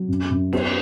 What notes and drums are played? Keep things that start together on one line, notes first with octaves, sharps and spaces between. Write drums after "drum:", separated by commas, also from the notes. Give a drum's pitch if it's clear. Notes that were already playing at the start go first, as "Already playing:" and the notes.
Already playing: F#3
F#2
F#2
B3, drum: cymbal